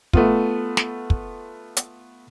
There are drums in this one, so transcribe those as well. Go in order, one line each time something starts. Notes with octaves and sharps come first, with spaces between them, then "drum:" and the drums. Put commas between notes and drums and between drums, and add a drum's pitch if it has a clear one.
A3 B3 F4, drum: kick
drum: snare
drum: kick
drum: hi-hat